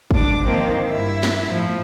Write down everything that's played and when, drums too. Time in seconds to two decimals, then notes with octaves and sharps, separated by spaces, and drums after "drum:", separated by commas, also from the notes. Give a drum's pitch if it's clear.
0.11 G#2 D4 D6, drum: kick
0.45 D#3 F3 A#3 C4
0.90 G2 E4 E5
1.23 drum: snare
1.48 A2 F3